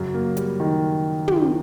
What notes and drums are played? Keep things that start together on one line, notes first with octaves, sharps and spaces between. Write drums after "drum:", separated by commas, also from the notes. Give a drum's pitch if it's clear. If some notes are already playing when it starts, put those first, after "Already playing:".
Already playing: F#2 C#3
A#3
G3, drum: hi-hat
D#3
drum: tom